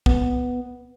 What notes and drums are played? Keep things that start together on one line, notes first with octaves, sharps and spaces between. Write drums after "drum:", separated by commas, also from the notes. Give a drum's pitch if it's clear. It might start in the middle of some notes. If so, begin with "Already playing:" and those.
B3, drum: kick